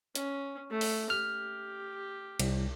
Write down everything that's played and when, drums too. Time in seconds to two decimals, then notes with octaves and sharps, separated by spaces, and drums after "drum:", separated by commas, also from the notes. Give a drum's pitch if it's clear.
0.15 C#4, drum: hi-hat
0.70 A3
0.81 drum: open hi-hat
1.10 G4 F6
2.40 C2, drum: cymbal